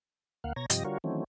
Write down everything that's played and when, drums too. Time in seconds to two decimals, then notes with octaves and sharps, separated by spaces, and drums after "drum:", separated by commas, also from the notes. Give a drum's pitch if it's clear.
0.44 D2 A#3 F5 F#5
0.56 B2 C#5 A#5 G#6 A#6
0.70 G2 C3 F3 G4 D#5 A#6, drum: hi-hat
0.85 D3 G3 F4 F#4 A#4 C#5
1.04 D#3 E3 F#3 A3 C4 C#4